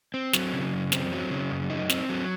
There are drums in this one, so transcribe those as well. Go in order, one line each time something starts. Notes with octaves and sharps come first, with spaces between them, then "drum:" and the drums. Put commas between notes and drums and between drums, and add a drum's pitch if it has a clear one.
C4
F#3, drum: snare
C#3
F#2
C4, drum: snare
F#3
C#3
F#2
D#4
C4, drum: snare
F#3